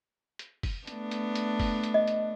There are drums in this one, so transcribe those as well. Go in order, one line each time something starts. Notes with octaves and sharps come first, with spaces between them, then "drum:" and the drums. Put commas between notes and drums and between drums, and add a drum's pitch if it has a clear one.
drum: hi-hat
drum: kick F#1, open hi-hat
A3 B3 D4, drum: hi-hat
drum: hi-hat
drum: hi-hat
drum: kick F#1, open hi-hat
drum: hi-hat
D#5
drum: hi-hat